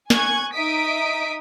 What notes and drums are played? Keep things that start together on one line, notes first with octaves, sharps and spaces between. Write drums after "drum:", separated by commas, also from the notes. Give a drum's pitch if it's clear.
G#5 C#6 F#6 G#6, drum: snare
D#4 E5 D#6 B6 D7